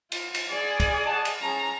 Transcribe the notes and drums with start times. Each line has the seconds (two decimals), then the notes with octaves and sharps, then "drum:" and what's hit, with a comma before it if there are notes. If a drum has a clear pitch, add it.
0.12 F4, drum: cymbal
0.34 drum: cymbal
0.49 G#4 D5
0.80 drum: kick, cymbal
1.06 D#5 F#5 A5
1.25 drum: cymbal
1.41 C#4 G#4 A5 A#5